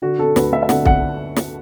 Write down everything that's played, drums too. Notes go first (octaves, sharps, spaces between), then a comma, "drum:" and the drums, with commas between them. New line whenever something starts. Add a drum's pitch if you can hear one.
D3 F#4
D3 A4
D2 B4, drum: snare
D2 E5
E5
D3 F#5, drum: snare
D3 F#5, drum: kick
drum: snare